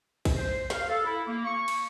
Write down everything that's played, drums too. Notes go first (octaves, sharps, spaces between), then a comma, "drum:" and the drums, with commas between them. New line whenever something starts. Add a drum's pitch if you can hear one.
drum: kick, cymbal
C5
F5, drum: snare
A4
E4
A#3
C#6
drum: cymbal